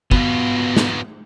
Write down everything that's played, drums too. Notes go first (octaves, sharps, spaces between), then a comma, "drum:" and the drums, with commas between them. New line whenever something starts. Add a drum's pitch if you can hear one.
B2 B3 F4, drum: kick
drum: snare